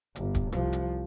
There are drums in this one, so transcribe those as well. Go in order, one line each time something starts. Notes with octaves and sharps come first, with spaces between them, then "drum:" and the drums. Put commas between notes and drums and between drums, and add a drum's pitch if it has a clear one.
G1, drum: hi-hat
drum: kick, hi-hat
C2 F3, drum: rim click
drum: hi-hat